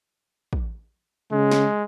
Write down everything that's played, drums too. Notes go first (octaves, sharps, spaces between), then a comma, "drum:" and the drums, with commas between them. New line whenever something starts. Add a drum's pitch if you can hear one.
drum: kick
C#3 G#3
drum: snare